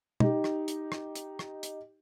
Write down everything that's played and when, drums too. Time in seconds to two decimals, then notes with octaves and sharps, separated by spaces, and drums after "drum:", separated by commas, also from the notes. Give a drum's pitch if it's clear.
0.20 D#4 G4, drum: tom
0.44 drum: rim click
0.68 drum: hi-hat
0.92 drum: rim click
1.15 drum: hi-hat
1.39 drum: rim click
1.63 drum: hi-hat